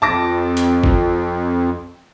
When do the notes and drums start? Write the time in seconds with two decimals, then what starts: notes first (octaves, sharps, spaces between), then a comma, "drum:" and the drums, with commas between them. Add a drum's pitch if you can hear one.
0.02 F2 A5 D6 A#6
0.57 drum: hi-hat
0.84 drum: kick G1